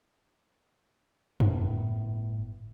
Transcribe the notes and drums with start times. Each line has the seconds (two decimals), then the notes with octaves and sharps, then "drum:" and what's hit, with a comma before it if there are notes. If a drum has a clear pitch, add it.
1.40 G1 A2 B3, drum: tom